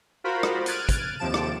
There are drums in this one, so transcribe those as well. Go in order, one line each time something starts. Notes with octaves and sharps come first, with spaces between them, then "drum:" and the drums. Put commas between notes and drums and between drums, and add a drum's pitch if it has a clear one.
F4 F#4 A#4 C5 B5
drum: rim click
F6 F#6 G#6 A6 D7 D#7, drum: hi-hat
drum: kick, hi-hat
D#2 C3 F3 A5 D7 E7
drum: rim click